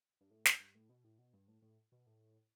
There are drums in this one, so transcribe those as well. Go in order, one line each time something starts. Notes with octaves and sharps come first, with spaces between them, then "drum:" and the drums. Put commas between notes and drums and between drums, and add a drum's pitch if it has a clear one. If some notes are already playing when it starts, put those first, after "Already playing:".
G2
A2
G2, drum: snare
G2
A2
B2
A2
B2
G2
A2
A2
B2
A2